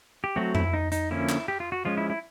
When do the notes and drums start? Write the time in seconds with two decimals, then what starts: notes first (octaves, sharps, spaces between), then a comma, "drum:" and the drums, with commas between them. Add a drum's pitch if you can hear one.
0.24 G4
0.36 F#3 A3 C4 F#4
0.55 E4, drum: tom F2
0.73 D#4
0.92 D#4, drum: hi-hat
1.11 D3 F3 A#3 C#4 E4
1.29 drum: clap
1.48 G4
1.60 F4
1.72 F#4
1.85 F3 G#3 C#4 F4
1.97 E4
2.10 E4